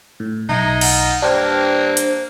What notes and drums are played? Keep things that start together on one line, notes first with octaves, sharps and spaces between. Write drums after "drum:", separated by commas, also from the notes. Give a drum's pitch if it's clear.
A2
B1 G#3 D#4 E5
F4 F#5, drum: cymbal
G2 A#3 D4 C5 G5 G#6
drum: hi-hat